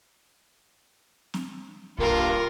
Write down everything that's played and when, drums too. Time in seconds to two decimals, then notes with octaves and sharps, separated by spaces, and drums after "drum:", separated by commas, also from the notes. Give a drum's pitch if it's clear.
1.34 drum: snare C4
1.98 G2 A#3 F4 A#4, drum: kick